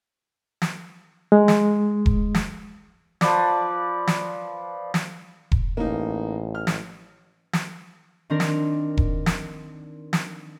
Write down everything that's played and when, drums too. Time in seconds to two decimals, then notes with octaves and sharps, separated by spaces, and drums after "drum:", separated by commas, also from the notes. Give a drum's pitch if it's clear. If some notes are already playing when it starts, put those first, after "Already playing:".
0.62 drum: snare
1.32 G#3
1.48 drum: snare
2.06 drum: kick E1
2.35 drum: snare
3.21 F3 B4 D5, drum: snare
4.07 drum: snare
4.94 drum: snare
5.52 drum: kick E1
5.77 A1 A#3 D#4
6.55 F6
6.67 drum: snare
7.53 drum: snare
8.30 D#3 C4 D4 A#4 A#6
8.40 drum: snare
8.97 drum: kick E1
9.26 drum: snare
10.13 drum: snare